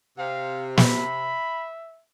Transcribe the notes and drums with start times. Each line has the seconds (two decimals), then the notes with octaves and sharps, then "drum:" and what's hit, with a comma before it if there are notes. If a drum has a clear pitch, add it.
0.18 C3 C5 F5
0.77 E5 B5, drum: snare